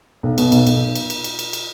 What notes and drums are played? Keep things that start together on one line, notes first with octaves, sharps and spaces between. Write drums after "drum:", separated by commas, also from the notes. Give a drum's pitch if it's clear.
B1
B2, drum: cymbal
B1, drum: cymbal
B1, drum: cymbal
drum: cymbal
drum: cymbal
drum: cymbal
drum: cymbal
drum: cymbal